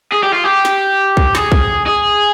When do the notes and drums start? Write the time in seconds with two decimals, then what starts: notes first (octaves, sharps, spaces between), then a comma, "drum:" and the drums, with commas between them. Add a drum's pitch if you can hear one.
0.12 G#4
0.23 G4
0.33 F4
0.44 G4
0.65 drum: snare
1.17 drum: kick
1.35 G#4, drum: snare
1.52 drum: kick
1.86 G#4